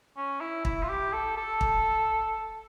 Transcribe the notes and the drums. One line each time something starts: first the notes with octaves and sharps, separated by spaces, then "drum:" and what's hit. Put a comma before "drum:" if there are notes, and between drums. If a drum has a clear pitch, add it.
C#4
E4
E4, drum: kick
F4
G4
A4
A4
drum: kick